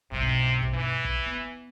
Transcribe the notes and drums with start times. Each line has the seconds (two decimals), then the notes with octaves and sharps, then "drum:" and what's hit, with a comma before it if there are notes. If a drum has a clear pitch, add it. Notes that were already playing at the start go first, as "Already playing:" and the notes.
0.11 B1 G2 C3
0.62 drum: kick
0.74 E3
1.05 drum: kick
1.26 B3